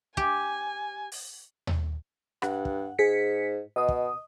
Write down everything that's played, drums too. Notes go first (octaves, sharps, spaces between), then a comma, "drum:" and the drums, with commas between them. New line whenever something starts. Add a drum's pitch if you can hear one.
G4 G#5, drum: kick
drum: open hi-hat
drum: tom D#2
G2 F#5, drum: rim click
drum: kick
G#2 G#4 B6 C#7
B2 D#5 D#6
drum: kick